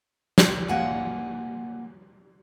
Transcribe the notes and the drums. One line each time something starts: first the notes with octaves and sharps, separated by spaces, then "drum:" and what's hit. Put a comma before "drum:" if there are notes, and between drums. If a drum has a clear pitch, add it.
drum: snare
A#3 F#5 G#5